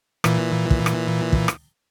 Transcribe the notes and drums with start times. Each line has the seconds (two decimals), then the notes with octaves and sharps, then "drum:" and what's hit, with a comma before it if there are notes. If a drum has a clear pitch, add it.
0.24 A#2 E3, drum: rim click
0.71 drum: kick
0.86 drum: rim click
1.33 drum: kick
1.48 drum: rim click